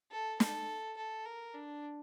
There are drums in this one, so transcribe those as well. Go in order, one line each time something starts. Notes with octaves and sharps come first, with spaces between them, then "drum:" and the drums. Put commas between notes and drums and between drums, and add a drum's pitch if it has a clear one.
A4
A4, drum: snare
A4
A#4
D4